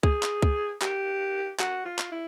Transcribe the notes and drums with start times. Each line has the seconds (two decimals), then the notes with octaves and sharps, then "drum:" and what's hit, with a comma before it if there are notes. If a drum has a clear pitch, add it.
0.03 G#4, drum: kick C#2
0.23 drum: clap
0.42 drum: kick C#2
0.82 G4, drum: clap
1.59 F#4, drum: clap
1.85 F4
1.99 drum: clap
2.12 E4